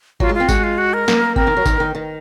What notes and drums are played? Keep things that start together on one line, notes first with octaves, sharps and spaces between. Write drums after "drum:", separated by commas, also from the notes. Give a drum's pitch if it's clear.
F#3 F4, drum: kick G#1
G#3
F4
C4
G#3 F#4, drum: kick G#1, tambourine
F4
F#4
A#4
A#3, drum: snare
C4 A#4, drum: kick G#1
D#3
F#3
D#3, drum: kick G#1, tambourine
D#3
D#3